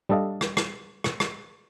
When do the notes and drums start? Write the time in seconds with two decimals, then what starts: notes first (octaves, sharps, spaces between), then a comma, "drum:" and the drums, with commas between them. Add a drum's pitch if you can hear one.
0.09 G3 D4 A4 D#5 F5
0.41 drum: rim click
0.57 drum: rim click
1.04 drum: rim click
1.20 drum: rim click